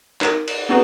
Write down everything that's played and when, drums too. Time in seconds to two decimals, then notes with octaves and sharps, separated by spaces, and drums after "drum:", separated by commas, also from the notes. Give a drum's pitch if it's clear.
0.21 D#4 A#4, drum: clap
0.48 drum: cymbal
0.69 B3 C4 D#4 F#4 G#4 B4